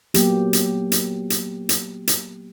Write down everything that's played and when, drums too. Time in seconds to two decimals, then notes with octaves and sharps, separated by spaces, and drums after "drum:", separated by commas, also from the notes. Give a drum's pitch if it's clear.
0.14 F#3 A#3 B3 G4, drum: hi-hat
0.53 drum: hi-hat
0.92 drum: hi-hat
1.30 drum: hi-hat
1.69 drum: hi-hat
2.07 drum: hi-hat